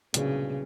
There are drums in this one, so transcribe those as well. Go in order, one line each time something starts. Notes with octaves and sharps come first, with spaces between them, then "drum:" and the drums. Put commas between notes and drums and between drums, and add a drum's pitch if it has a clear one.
C2 A#2 C#3 F#3 B3 D4, drum: hi-hat